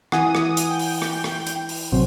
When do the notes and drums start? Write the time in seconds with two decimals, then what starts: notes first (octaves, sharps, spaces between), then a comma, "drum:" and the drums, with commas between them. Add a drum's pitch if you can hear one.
0.12 E3 F#5 G#5 D#6, drum: rim click
0.35 drum: rim click
0.57 drum: hi-hat
0.70 G5
0.79 drum: open hi-hat
1.02 drum: rim click
1.24 drum: rim click
1.47 drum: hi-hat
1.69 drum: open hi-hat
1.92 A1 C3 F#3 C4